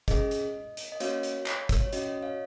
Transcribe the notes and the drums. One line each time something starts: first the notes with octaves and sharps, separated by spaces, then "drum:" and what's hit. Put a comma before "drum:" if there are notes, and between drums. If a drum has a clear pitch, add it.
C#4 G#4 D#5, drum: kick, hi-hat
drum: hi-hat
drum: hi-hat
D#5
A#3 C#4 F#4 C#5 F5, drum: hi-hat
drum: hi-hat
drum: clap
drum: kick, hi-hat
C#5
C#4 F#4 D#5, drum: hi-hat
D#5
C#5 F5